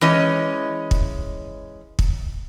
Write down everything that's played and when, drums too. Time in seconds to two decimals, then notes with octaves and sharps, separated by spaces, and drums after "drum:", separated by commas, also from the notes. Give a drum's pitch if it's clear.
0.01 E3 G#3 C#4 D#5
0.91 drum: kick
1.99 drum: kick